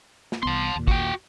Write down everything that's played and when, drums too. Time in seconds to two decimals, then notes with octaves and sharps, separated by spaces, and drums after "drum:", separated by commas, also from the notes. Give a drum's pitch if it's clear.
0.32 drum: snare
0.43 C2 B3 A5 C6
0.76 D#2 A#2
0.88 F#4 G5, drum: kick